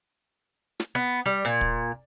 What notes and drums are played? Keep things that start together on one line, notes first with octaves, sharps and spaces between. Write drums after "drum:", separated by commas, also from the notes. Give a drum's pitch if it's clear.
drum: snare
B3
G3
A#2
drum: kick